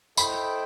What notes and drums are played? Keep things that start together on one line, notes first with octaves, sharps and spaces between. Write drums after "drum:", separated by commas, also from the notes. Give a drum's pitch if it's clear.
E4 A4 C5 D#5 G5 B5, drum: tambourine